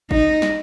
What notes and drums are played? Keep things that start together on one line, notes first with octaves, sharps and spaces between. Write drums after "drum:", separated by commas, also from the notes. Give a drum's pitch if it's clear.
D#4, drum: kick G1
drum: snare